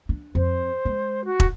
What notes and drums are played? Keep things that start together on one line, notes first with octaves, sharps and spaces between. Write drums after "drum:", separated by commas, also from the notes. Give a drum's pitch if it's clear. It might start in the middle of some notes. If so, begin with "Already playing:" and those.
D4
F2 C5
G#3
F#4
drum: kick